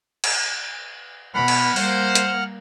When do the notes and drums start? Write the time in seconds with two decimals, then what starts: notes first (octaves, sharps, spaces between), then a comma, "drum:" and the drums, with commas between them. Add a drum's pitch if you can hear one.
0.24 drum: cymbal
1.34 B2 F#5 B5 F6
1.48 drum: cymbal
1.76 G3 A#3 C5, drum: open hi-hat
2.15 drum: hi-hat